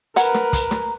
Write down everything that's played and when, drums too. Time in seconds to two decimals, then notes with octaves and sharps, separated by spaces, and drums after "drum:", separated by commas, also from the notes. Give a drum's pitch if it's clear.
0.16 A#4 B4 C#5 F#5 A#5, drum: hi-hat
0.35 drum: snare
0.53 drum: kick, hi-hat
0.71 drum: snare